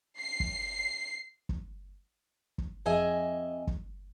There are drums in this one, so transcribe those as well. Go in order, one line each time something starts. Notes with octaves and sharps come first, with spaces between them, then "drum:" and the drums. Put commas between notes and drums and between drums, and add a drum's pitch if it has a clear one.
C7
drum: kick
drum: kick
drum: kick
F2 G#4 D#5 E5 G#5
drum: kick